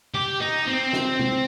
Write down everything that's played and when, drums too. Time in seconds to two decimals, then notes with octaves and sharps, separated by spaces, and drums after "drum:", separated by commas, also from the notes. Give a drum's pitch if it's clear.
0.14 G4
0.40 D#4
0.67 C4
0.93 drum: snare
1.19 drum: tom